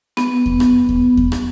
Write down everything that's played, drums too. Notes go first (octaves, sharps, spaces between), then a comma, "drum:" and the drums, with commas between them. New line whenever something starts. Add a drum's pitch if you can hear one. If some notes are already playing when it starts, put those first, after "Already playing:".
B3, drum: rim click
drum: kick E2
drum: rim click
drum: kick E2
drum: kick E2
drum: rim click